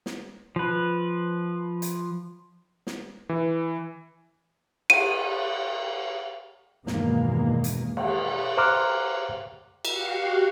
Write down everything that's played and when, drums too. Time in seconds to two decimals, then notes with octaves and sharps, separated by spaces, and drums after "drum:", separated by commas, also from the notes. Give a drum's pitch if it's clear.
0.06 drum: snare
0.56 F3 B4
1.82 drum: hi-hat
2.87 drum: snare
3.29 E3
4.90 D#7, drum: cymbal
6.87 E2 G2 B2 D#3 G#3 A#3, drum: snare
7.64 drum: hi-hat
7.97 drum: cymbal
8.57 C5 A#5 C6 D6 F6 F#6
9.85 F#4 G4 F5 F#5, drum: cymbal